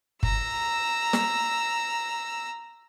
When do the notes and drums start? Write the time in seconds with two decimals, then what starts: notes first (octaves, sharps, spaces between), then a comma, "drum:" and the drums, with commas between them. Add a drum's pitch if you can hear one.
0.23 A#5 E6, drum: kick
1.13 drum: snare